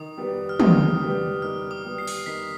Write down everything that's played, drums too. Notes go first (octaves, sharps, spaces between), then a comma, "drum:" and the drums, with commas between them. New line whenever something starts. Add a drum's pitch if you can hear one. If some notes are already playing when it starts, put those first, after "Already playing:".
Already playing: D#3 D#6
G3 B3
F6
D#3 D#6, drum: tom
G3 B3
D#3 F6
D#6
G3 B3
C7
drum: open hi-hat
D#3 B6